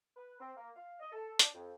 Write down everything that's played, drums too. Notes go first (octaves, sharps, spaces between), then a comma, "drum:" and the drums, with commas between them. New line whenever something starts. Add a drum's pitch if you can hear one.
B4
C4
A#3
F5
D#5
A4
D4, drum: hi-hat
F2